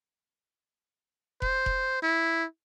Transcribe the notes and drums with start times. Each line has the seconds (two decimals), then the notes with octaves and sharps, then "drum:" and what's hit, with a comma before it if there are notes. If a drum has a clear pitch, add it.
1.42 C5, drum: kick F1
1.66 drum: kick F1
2.02 E4